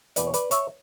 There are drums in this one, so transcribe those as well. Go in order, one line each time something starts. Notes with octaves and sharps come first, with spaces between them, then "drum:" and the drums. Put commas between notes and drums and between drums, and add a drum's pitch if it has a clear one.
E2 B2 A#3 B4 D5, drum: hi-hat
C#5
B4 D5, drum: hi-hat
C#5 E5, drum: hi-hat